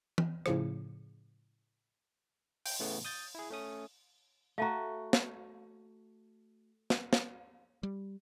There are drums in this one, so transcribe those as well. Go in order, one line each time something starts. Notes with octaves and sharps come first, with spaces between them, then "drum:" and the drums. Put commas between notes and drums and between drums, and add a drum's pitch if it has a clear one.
drum: tom
A2 C#3 F3, drum: rim click
G5, drum: open hi-hat
A2 C#3 E3 A3 B3
D#6 G6 A6
E4 G#4
A3 C#4 D#6
A3 F#4 F5 A5 A#5
drum: snare
drum: snare
drum: snare
G3